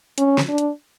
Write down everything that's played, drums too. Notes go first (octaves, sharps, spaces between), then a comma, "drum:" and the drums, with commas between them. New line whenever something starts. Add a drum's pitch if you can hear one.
C#4, drum: hi-hat
drum: snare
D4
drum: hi-hat